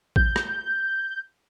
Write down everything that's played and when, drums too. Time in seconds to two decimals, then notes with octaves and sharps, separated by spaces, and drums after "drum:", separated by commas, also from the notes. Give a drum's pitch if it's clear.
0.16 G6, drum: kick A1
0.36 drum: rim click